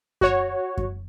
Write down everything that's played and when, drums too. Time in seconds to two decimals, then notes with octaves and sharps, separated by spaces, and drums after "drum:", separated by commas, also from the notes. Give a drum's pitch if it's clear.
0.21 F#4 C#5, drum: kick F#2
0.77 drum: kick F#2